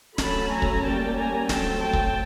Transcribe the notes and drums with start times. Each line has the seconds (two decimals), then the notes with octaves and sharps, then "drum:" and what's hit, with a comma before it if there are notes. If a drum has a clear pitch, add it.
0.18 F#3 A3 C#4 A5 B5, drum: snare
0.51 G#5 A#5
0.62 drum: kick
0.84 G3 A#3 C#4 G5 A5
1.17 G#5 A#5
1.49 F#3 A3 C4 G5 A5, drum: snare
1.82 G5 A5
1.93 drum: kick